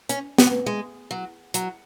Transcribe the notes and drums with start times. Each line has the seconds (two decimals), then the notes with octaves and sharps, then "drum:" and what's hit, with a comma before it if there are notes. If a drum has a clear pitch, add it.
0.09 C#4, drum: hi-hat
0.38 B3, drum: snare
0.66 G#3
1.11 F#3
1.54 F#3, drum: hi-hat